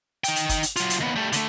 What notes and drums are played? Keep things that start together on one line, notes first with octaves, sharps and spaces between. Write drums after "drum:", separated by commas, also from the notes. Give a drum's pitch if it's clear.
D#4 G5, drum: hi-hat
drum: hi-hat
drum: kick, hi-hat
drum: hi-hat
F#3 F4, drum: hi-hat
drum: hi-hat
D#2 B3
G3 A3
D3 A3, drum: hi-hat